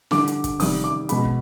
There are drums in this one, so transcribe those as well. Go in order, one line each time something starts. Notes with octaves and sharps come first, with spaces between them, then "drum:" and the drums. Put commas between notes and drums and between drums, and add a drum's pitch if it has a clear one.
D3 G3 D6, drum: snare
drum: hi-hat
drum: kick, hi-hat
C3 D#3 G3 D#6, drum: open hi-hat
D6
B2 G#3 B5, drum: hi-hat
drum: kick